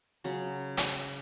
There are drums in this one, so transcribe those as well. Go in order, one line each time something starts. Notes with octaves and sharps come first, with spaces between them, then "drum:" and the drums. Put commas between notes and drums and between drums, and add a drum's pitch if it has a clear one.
C#3 F#3
drum: hi-hat